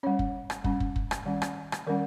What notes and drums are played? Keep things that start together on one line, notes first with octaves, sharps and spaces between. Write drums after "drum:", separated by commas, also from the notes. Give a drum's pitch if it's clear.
G3 C#4 C#5
drum: kick
drum: rim click
G3 C#4, drum: kick
drum: kick
drum: kick
drum: rim click
D#3 G3 C#4
drum: rim click
drum: rim click
D#3 G3 C#4 A#4